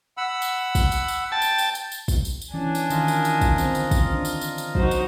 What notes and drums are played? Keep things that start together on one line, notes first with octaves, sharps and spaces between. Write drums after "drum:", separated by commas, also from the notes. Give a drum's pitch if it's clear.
F#5 B5 E6
drum: tambourine
drum: kick, tambourine
drum: tambourine
drum: tambourine
G5 A5
drum: tambourine
drum: tambourine
drum: tambourine
drum: tambourine
drum: kick, tambourine
drum: tambourine
drum: tambourine
E3 C#4 D4 D5 G#5
drum: tambourine
D#3 F4 A#4 D#5, drum: tambourine
drum: tambourine
drum: tambourine
drum: kick, tambourine
D3 C4, drum: tambourine
drum: tambourine
drum: kick, tambourine
D4
drum: tambourine
drum: tambourine
drum: tambourine
F#3 D#4 F#4 C5, drum: kick
drum: tambourine